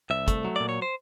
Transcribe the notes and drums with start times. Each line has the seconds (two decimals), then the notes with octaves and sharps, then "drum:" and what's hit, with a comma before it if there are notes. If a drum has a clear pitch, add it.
0.10 C2 E5
0.28 A3, drum: kick, hi-hat
0.44 F#3
0.56 A#2 D5
0.69 C#5
0.82 C5